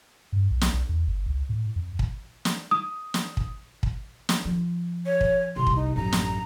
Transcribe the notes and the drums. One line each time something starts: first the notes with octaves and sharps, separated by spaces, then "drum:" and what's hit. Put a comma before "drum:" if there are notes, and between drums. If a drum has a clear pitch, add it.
G2
B1
drum: snare
B1
E2
G1
C#2
A2
F2
drum: kick
drum: snare
D#6
drum: snare
drum: kick
drum: kick
drum: snare
F3
C#5
drum: kick
C2 C6
drum: kick
D#4
A1 F#2 A#5
drum: snare